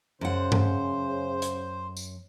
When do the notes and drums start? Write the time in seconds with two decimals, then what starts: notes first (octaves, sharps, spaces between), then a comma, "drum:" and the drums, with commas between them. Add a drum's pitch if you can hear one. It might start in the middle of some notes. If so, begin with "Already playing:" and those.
0.21 F#2 C#3 C5 F#5
0.52 drum: tom G2
1.42 drum: hi-hat
1.97 drum: tambourine